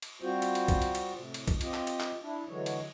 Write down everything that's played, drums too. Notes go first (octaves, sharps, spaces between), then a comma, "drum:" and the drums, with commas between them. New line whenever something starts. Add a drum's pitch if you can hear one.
drum: cymbal
G3 C4 F4 F#4 C5
drum: cymbal
drum: cymbal
drum: kick, cymbal
drum: cymbal
drum: cymbal
A2 C3
drum: cymbal
drum: kick, cymbal
C4 F4 G4 D#5, drum: cymbal
drum: clap
drum: cymbal
drum: clap
D4 E4
D3 E3 F#3 G#3 C#5
drum: cymbal